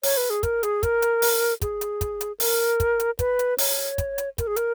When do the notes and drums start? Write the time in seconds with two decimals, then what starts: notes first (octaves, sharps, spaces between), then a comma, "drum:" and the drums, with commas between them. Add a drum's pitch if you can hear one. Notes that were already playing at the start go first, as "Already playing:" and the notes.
0.03 C#5, drum: open hi-hat
0.17 B4
0.30 G#4
0.43 A#4, drum: kick, hi-hat
0.63 G#4, drum: hi-hat
0.83 A#4, drum: kick, hi-hat
1.02 drum: hi-hat
1.22 drum: open hi-hat
1.61 G#4, drum: kick, hi-hat
1.81 drum: hi-hat
2.01 drum: kick, hi-hat
2.21 drum: hi-hat
2.40 A#4, drum: open hi-hat
2.80 drum: kick, hi-hat
3.00 drum: hi-hat
3.19 B4, drum: kick, hi-hat
3.39 drum: hi-hat
3.58 C#5, drum: open hi-hat
3.98 drum: kick, hi-hat
4.18 drum: hi-hat
4.38 A#4, drum: kick, hi-hat
4.47 G#4
4.56 A#4, drum: hi-hat